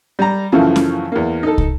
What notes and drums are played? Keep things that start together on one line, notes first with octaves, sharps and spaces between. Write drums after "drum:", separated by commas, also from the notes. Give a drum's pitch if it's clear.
G3 A#5
F#2 C#3 E3 F3 A3
drum: snare C#4
E2 A#3
D#4 A4
drum: kick